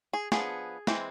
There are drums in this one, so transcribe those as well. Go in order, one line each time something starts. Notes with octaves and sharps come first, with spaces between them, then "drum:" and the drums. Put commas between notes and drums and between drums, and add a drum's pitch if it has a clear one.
G#4
F3 B3 D4 G#4, drum: snare
E3 G#3 C4, drum: snare